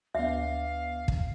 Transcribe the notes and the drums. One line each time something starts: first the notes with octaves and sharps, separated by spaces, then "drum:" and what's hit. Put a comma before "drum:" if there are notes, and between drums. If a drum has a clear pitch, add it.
D2 B3 D5 E5 F5
drum: kick